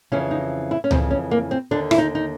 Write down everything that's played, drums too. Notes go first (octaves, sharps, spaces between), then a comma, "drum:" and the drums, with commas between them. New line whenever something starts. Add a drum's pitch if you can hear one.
F2 C#3 E3 C#4
D#4
E4
C#4
F2 C#3 E3 C4, drum: tom C#2
C#4
A#3
C4
D#2 D3 D4
E4, drum: rim click
D#4
D#4